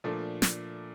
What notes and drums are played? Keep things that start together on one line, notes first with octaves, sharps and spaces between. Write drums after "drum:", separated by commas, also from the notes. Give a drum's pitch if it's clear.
A#2 F3 A3 D4
drum: snare